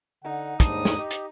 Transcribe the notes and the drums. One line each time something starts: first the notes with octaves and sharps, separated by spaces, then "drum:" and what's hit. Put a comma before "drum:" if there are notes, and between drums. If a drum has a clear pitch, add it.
D3 D#4 F#5
D#2 G#2 G3 D4 D#6, drum: kick, hi-hat
drum: snare
G4 D#5
drum: hi-hat